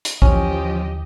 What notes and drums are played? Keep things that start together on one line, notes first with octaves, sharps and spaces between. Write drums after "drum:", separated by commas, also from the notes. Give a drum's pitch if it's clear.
drum: hi-hat
D#2 D3 E3 F3 C#4 G4 D#5, drum: kick